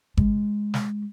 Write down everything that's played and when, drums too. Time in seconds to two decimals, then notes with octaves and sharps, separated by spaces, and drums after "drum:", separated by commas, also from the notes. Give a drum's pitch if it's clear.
0.17 G#3, drum: kick G#1
0.74 drum: snare